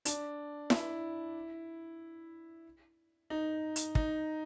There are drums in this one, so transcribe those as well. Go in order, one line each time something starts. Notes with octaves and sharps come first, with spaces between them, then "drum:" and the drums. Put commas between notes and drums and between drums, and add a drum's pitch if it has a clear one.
D4, drum: hi-hat
E4, drum: snare E4
D#4
drum: hi-hat
D#4, drum: kick